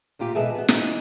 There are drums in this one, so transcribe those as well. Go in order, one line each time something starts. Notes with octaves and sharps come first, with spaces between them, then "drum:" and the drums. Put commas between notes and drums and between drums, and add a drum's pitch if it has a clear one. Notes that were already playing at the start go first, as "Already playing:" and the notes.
D2 A#2 F4 G4
B2 E3 G#3 G#4 A4 E5
B3 F#4
D3 E3 D#4, drum: snare